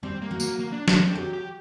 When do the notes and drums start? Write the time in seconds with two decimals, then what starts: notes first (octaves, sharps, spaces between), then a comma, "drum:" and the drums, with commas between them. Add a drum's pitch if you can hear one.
0.03 G3 C4
0.22 A#3
0.31 F#3
0.40 A#3, drum: tambourine
0.60 A#3
0.72 D4
0.88 D4, drum: snare
1.01 C4
1.11 A4
1.15 F#3 G4
1.33 G4